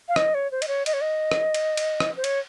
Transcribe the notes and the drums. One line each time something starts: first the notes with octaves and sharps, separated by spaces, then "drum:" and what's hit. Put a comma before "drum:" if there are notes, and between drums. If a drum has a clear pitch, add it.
F5
D#5, drum: rim click
C#5
C5
D#5, drum: cymbal
C#5
D#5, drum: cymbal
C#5
D#5
drum: rim click
drum: cymbal
drum: cymbal
drum: rim click
C5
C#5, drum: cymbal